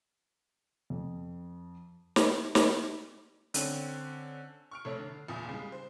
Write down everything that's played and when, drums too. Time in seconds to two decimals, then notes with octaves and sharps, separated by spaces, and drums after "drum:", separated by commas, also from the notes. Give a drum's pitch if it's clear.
0.90 F2
2.16 drum: snare
2.55 drum: snare
3.54 D3 C4 C#4, drum: hi-hat
4.71 C#6 F6 D7
4.85 F1 C2 A3 C#5
4.99 D3
5.28 F#1 E2 A#2 D#6
5.49 C#3 G3 G#3
5.72 C5